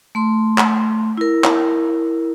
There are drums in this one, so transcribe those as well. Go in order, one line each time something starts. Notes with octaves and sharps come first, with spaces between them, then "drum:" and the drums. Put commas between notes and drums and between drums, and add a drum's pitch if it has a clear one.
A3 C6
drum: clap
E4 A#4
drum: clap